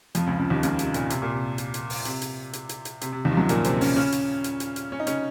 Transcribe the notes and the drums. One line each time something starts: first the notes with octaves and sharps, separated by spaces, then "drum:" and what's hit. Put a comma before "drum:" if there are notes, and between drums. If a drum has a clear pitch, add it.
F2 F3, drum: hi-hat
C#2 C#3
C#2 C#3
D#2 D#3
C#2 C#3, drum: hi-hat
C3, drum: hi-hat
A#2, drum: hi-hat
C3, drum: hi-hat
A#2
C3
drum: hi-hat
drum: hi-hat
drum: open hi-hat
C3, drum: hi-hat
drum: hi-hat
drum: hi-hat
drum: hi-hat
drum: hi-hat
C3, drum: hi-hat
C3
D#2 D#3
F3
F#2 F#3
A#2 A#3, drum: hi-hat
C3 C4, drum: hi-hat
C#3 C#4, drum: open hi-hat
C#3 C#4
drum: hi-hat
drum: hi-hat
drum: hi-hat
drum: hi-hat
C#4
D#4
C#3 C#4, drum: hi-hat